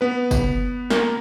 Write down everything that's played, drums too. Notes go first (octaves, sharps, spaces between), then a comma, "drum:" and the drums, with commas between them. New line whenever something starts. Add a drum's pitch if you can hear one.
B3 B4
drum: kick F#1, tambourine
A#3 A#4, drum: snare